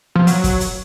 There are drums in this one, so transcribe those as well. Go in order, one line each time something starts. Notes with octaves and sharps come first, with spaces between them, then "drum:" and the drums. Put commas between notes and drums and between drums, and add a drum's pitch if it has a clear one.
F3
F#3, drum: hi-hat
drum: kick, hi-hat
drum: hi-hat